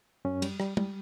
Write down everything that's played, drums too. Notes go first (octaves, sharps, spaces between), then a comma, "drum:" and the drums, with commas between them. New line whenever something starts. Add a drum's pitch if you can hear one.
F#2 C#4
G3, drum: cymbal
G3, drum: rim click
G3, drum: tom